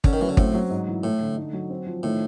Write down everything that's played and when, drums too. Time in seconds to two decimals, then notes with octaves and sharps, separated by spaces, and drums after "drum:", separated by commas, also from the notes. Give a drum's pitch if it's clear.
0.04 D3 C#4, drum: kick
0.13 D#3
0.21 E3 F#3
0.29 D3
0.37 A2 C4, drum: kick
0.54 F#3
0.70 G#2
0.88 E3
1.03 A2 A3
1.20 D3
1.37 D#4
1.53 F#3
1.70 C4
1.86 F3
2.03 A2 D#3